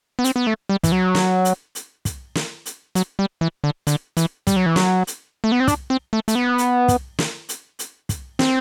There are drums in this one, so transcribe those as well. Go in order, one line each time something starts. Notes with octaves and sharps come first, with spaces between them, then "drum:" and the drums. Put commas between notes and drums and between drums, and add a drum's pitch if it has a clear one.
B3
C4, drum: hi-hat
B3
A3
G3
E3, drum: kick, hi-hat
F#3
drum: snare
drum: hi-hat
drum: hi-hat
drum: kick, hi-hat
drum: snare
drum: hi-hat
F#3, drum: hi-hat
G3
E3
D3
D3, drum: hi-hat
E3, drum: hi-hat
G3, drum: kick, hi-hat
F#3
E3
F#3, drum: snare
drum: hi-hat
A3
B3
C4
D4, drum: kick, hi-hat
C4
A3
A3, drum: hi-hat
B3
drum: hi-hat
drum: kick, hi-hat
drum: snare
drum: hi-hat
drum: hi-hat
drum: kick, hi-hat
C4, drum: snare